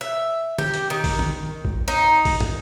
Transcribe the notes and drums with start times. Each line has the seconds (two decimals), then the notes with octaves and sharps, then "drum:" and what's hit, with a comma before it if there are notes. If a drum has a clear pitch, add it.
0.01 E5
0.58 G4, drum: tom
0.74 drum: hi-hat
0.90 D#3
1.04 drum: kick, open hi-hat
1.19 drum: tom
1.65 drum: kick
1.88 D#4
2.25 drum: kick, open hi-hat
2.40 drum: tom